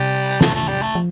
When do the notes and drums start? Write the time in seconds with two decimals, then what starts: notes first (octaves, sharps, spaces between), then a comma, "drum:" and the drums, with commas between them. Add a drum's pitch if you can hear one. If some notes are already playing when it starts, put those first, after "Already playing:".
Already playing: C3 G3
0.41 A3, drum: snare
0.54 A3
0.68 G3
0.82 A3
0.95 F3